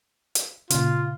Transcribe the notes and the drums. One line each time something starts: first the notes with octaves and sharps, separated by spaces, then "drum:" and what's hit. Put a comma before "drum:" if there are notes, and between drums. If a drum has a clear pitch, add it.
drum: hi-hat
A#2 C#3 F4, drum: hi-hat